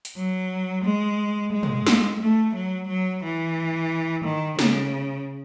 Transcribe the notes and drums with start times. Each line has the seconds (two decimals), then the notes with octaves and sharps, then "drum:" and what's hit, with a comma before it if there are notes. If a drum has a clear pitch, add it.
0.05 drum: hi-hat
0.17 F#3
0.84 G#3
1.52 G#3
1.63 drum: tom
1.87 drum: snare
2.20 A3
2.54 F#3
2.88 F#3
3.23 E3
4.24 D#3
4.59 C#3, drum: snare